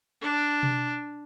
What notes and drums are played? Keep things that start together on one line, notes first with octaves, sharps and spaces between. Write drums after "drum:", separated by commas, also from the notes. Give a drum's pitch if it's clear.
D4
drum: tom B2